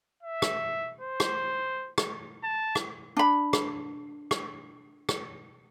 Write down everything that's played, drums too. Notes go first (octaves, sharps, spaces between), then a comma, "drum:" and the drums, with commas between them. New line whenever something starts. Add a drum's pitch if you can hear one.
E5
drum: rim click
C5
drum: rim click
drum: rim click
A5
drum: rim click
D4 B5
drum: rim click
drum: rim click
drum: rim click